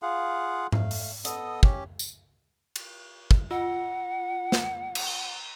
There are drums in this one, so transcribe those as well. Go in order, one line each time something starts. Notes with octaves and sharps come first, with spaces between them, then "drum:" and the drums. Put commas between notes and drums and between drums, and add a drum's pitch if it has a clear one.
F4 G#4 F5 F#5
A3 F5, drum: tom G#2
drum: open hi-hat
B3 A4 D#5 D#6, drum: hi-hat
C#4 G4, drum: kick
drum: tambourine
drum: cymbal
drum: kick
F4 F#5
drum: snare
drum: cymbal
G7